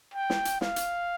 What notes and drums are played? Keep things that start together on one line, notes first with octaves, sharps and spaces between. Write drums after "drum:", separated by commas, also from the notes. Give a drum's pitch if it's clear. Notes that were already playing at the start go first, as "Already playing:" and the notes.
G5
drum: snare
drum: hi-hat
F5, drum: snare
drum: hi-hat